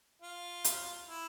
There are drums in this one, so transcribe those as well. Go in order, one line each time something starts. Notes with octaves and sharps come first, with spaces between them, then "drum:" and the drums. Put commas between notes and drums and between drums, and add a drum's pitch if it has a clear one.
F4
drum: hi-hat
E4